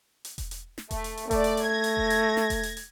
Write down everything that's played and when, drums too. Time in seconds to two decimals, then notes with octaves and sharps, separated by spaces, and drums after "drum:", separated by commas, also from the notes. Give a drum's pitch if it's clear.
0.25 drum: hi-hat
0.38 drum: kick E1, hi-hat
0.51 drum: hi-hat
0.78 drum: snare
0.91 A3, drum: kick E1, hi-hat
1.04 drum: hi-hat
1.17 drum: hi-hat
1.31 A3 D5, drum: kick E1, hi-hat
1.44 drum: hi-hat
1.57 drum: hi-hat
1.66 G#6 A#6
1.84 drum: hi-hat
1.97 drum: kick E1
2.10 drum: hi-hat
2.37 drum: snare
2.50 drum: kick E1, hi-hat
2.63 drum: hi-hat
2.77 drum: hi-hat